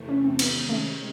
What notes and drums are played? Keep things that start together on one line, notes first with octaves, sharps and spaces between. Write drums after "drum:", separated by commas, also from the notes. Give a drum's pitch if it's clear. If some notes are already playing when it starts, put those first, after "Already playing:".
Already playing: E2 C3 E3 A3
C#4
C4
C3 D#3 G#3 B3 C#4, drum: cymbal
A3